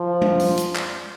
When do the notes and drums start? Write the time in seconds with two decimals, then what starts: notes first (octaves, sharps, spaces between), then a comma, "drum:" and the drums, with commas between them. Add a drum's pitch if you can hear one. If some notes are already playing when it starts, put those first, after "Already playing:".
Already playing: F3
0.22 drum: tom G3
0.39 drum: open hi-hat
0.57 drum: hi-hat
0.75 drum: clap